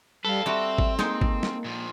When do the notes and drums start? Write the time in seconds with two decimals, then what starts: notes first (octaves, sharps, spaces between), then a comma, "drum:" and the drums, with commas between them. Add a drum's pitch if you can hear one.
0.25 G3 A4 B4 F5
0.46 G3 C4 F#4 E5
0.78 drum: kick
0.99 G#3 A#3 D#4, drum: snare
1.21 drum: kick
1.43 drum: snare
1.64 A#2 F3